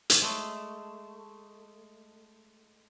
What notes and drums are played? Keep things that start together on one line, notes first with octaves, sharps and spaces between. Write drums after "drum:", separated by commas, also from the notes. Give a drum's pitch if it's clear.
drum: hi-hat
G#3 A3